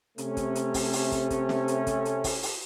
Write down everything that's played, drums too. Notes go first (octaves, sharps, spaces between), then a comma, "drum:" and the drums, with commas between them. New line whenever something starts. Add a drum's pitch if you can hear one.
C3 A3 C#4, drum: hi-hat
drum: kick, hi-hat
drum: hi-hat
drum: kick, open hi-hat
drum: open hi-hat
drum: kick, hi-hat
drum: kick, hi-hat
drum: snare
drum: hi-hat
drum: kick, hi-hat
drum: hi-hat
drum: kick, open hi-hat
drum: open hi-hat